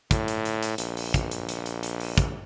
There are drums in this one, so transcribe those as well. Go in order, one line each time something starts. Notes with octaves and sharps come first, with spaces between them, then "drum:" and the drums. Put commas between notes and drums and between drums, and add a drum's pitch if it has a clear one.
A2, drum: kick, hi-hat
drum: hi-hat
drum: hi-hat
drum: hi-hat
A#1, drum: hi-hat
drum: open hi-hat
drum: kick, hi-hat
drum: hi-hat
drum: hi-hat
drum: hi-hat
drum: hi-hat
drum: open hi-hat
drum: kick, hi-hat